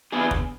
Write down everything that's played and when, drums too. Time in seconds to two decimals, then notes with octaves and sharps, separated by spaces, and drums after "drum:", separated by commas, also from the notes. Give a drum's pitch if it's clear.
0.12 B3 D4 G#4
0.31 drum: kick